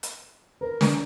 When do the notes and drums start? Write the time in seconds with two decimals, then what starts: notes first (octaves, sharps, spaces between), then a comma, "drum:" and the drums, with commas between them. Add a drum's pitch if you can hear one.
0.03 drum: hi-hat
0.61 A#4 B4
0.81 drum: snare